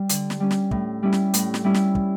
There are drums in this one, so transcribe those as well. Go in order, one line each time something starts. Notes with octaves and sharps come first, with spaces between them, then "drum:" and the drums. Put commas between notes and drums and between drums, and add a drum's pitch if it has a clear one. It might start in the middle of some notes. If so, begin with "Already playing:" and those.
Already playing: G3
D3, drum: hi-hat
drum: snare
G3 C#4
drum: snare
A2, drum: kick
G3 C#4 E4
drum: snare
A2, drum: hi-hat
drum: snare
G3 C#4 E4
drum: snare
drum: kick